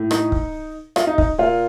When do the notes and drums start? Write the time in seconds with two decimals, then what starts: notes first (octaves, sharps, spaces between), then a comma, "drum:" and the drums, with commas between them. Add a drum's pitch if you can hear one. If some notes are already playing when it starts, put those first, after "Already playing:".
Already playing: A2
0.11 D#4, drum: rim click
0.32 drum: kick
0.96 F4, drum: rim click
1.07 D#4
1.18 D#4, drum: kick
1.38 A#2 F4